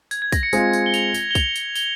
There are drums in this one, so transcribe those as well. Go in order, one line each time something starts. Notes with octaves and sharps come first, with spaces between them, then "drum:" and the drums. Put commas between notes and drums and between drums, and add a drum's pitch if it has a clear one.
G#6, drum: tambourine
G#6
A#6, drum: kick, tambourine
C#7
G#3 C4 F4, drum: tambourine
drum: tambourine
G7
F7, drum: tambourine
drum: tambourine
G7
F7, drum: kick, tambourine
drum: tambourine
G7, drum: tambourine